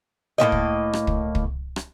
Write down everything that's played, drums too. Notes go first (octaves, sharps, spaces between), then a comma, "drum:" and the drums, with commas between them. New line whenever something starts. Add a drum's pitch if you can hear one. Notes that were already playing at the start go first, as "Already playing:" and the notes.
A2 F3 A#3 D#5
drum: kick
drum: rim click
drum: kick
drum: kick
drum: rim click